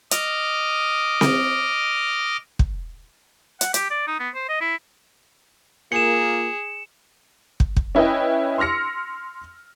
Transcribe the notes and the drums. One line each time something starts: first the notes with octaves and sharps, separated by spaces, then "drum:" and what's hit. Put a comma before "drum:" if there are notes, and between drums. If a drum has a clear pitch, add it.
D#5 D6 F6, drum: hi-hat
drum: snare C4
drum: kick
F#5, drum: hi-hat
G4, drum: hi-hat
D5
D#4
B3
C5
D#5
E4
A#3 F4 G#4 C#7 E7
drum: kick
drum: kick
C#4 E4 B4 D#5 G5
C6 E6 F6 A#6 C#7